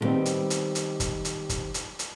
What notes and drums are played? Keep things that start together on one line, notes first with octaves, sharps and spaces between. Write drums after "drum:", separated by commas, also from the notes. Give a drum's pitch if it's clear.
D3 D#3 G3 B3 C4 D#4
drum: hi-hat
drum: hi-hat
drum: hi-hat
drum: kick, hi-hat
drum: hi-hat
drum: kick, hi-hat
drum: hi-hat
drum: hi-hat